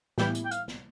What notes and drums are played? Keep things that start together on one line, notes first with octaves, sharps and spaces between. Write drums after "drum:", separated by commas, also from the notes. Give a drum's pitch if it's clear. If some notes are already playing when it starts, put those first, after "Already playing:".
A2 E3 G3 B3 E4 G5, drum: snare
drum: hi-hat
G5
F5, drum: hi-hat
drum: snare